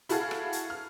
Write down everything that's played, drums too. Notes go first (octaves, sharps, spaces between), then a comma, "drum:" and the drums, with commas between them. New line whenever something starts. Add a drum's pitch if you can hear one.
E4 F#4 G#4 A4 F5, drum: hi-hat
drum: rim click
drum: hi-hat
F6